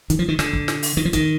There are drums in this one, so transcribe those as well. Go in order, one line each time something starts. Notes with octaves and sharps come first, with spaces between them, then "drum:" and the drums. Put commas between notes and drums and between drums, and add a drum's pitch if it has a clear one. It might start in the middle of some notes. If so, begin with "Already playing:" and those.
D#3, drum: hi-hat
F3
D#3
D3, drum: snare
drum: kick
drum: snare
drum: open hi-hat
D#3
F3
D#3, drum: kick, hi-hat